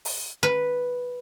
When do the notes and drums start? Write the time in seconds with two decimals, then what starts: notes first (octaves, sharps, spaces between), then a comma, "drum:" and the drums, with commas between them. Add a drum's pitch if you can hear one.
0.05 drum: open hi-hat
0.43 B4